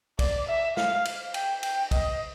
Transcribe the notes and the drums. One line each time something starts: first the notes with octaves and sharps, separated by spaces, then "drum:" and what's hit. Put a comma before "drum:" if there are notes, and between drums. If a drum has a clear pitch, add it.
D5, drum: kick, cymbal
E5
F5, drum: snare
drum: cymbal
G5, drum: cymbal
G5, drum: cymbal
D#5, drum: kick, cymbal